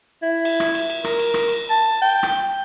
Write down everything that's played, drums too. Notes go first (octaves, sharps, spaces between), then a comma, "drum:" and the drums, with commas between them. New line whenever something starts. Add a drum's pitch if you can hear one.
E4
drum: cymbal
drum: rim click
drum: cymbal
drum: cymbal
A#4, drum: rim click
drum: cymbal
drum: rim click
drum: cymbal
A5
G5
drum: rim click